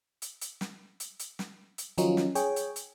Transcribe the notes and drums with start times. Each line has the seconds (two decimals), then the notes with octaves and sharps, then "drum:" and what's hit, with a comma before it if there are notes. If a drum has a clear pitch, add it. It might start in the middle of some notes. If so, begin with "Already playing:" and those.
0.22 drum: hi-hat
0.41 drum: hi-hat
0.61 drum: snare
1.00 drum: hi-hat
1.19 drum: hi-hat
1.39 drum: snare
1.78 drum: hi-hat
1.98 D#3 F3 F#3 C#4 D#4 F4, drum: hi-hat
2.17 drum: snare
2.35 G#4 C#5 G5, drum: hi-hat
2.56 drum: hi-hat
2.76 drum: hi-hat